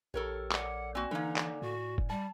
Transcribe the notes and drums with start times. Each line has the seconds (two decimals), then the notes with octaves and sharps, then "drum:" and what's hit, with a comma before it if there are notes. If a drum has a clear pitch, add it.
0.14 A#1 G4 A4 A#4 C#5
0.52 D5 F#5 D6, drum: clap
0.95 A#3 C4 F#4 D5 G#5
1.11 D3 E3 A#3 D#4
1.36 drum: clap
1.62 A2 F#4
1.98 drum: kick F1
2.10 G3 A5